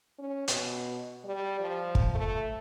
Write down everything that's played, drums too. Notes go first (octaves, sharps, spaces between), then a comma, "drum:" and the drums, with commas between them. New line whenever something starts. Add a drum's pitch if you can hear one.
C#4
B2, drum: hi-hat
G3
F3
drum: kick
A3